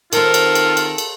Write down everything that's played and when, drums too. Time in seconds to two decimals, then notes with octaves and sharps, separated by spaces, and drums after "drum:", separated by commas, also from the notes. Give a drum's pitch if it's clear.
0.13 D#3 C4 F4 A4 A#4, drum: cymbal
0.34 drum: cymbal
0.55 drum: cymbal
0.77 drum: cymbal
0.98 drum: cymbal